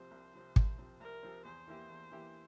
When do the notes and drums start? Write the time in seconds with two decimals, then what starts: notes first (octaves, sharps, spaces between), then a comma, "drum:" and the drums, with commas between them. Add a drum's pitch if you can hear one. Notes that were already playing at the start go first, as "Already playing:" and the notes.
Already playing: C2 C3 F3 C4 C5
0.11 C2
0.34 C3 F3 C4
0.56 C2, drum: kick
0.78 C3 F3 C4
1.00 C2 A#4
1.23 C3 F3 C4
1.45 E2 C5
1.67 E3 A#3 E4 G4
1.89 E2
2.11 E3 A#3 E4 G4